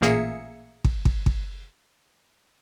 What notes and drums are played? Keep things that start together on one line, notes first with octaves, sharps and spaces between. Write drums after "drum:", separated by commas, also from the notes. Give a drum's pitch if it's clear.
A1 A#2 A#3 G#4 E5 C#7
drum: kick
drum: kick
drum: kick